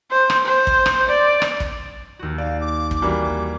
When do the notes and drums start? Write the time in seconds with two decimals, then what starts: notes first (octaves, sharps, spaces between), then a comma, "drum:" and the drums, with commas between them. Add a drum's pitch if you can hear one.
0.11 C5
0.30 drum: rim click
0.45 C5
0.67 drum: kick
0.86 drum: rim click
1.09 D5
1.42 drum: rim click
1.60 drum: kick
2.19 D#2 F#4
2.38 D5 F5
2.61 D6
2.91 drum: kick
3.02 E3 G3 A#3 F#4
3.24 D6